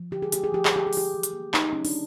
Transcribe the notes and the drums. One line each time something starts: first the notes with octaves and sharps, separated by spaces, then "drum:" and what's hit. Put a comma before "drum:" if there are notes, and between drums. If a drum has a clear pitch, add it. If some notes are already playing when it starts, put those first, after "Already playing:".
Already playing: F3
D3 G4
G#4
A3 G4, drum: hi-hat
G#4
F3 G4
G#4, drum: clap
D3 G4
G#4
G3 G4, drum: open hi-hat
E3
drum: hi-hat
A#3
A3 D#4, drum: clap
F#3 C#4
D4, drum: open hi-hat